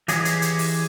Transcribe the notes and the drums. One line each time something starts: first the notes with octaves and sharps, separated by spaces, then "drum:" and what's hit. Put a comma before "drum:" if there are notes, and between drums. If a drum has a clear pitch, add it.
E3 G4 G#4 C#5 D#5, drum: hi-hat
drum: hi-hat
drum: hi-hat
drum: open hi-hat